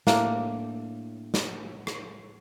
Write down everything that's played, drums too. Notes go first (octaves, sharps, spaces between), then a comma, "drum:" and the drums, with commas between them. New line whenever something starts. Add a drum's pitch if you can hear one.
A2 A#3 D4, drum: snare
drum: snare
drum: rim click